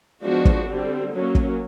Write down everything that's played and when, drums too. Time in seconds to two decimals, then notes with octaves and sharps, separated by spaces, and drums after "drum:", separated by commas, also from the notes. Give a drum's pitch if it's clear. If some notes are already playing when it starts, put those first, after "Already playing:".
0.23 F3 G#3 B3 D4 F#4
0.45 drum: kick
0.68 D3 G3 C4
1.13 F#3 A#3 C#4
1.35 drum: kick